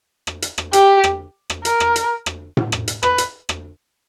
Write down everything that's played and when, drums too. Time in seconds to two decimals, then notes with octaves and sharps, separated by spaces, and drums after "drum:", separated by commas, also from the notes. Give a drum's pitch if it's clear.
0.27 drum: rim click
0.42 drum: hi-hat
0.58 drum: rim click
0.73 G4, drum: hi-hat
1.04 drum: rim click
1.50 drum: rim click
1.65 A#4, drum: hi-hat
1.80 drum: rim click
1.96 drum: hi-hat
2.26 drum: rim click
2.57 drum: tom A2
2.72 drum: rim click
2.88 drum: hi-hat
3.03 B4, drum: rim click
3.18 drum: hi-hat
3.49 drum: rim click